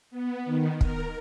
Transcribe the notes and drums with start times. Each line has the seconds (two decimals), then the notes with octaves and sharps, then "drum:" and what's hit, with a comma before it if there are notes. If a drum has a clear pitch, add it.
0.11 B3
0.45 D#3
0.81 A#4, drum: kick